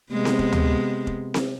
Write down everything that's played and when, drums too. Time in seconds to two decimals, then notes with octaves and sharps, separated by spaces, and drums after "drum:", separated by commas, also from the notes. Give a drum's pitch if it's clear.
0.12 C3 G#3 B3
0.25 drum: snare C4
0.39 drum: kick
0.52 drum: tom D2
1.07 drum: kick
1.34 drum: snare C4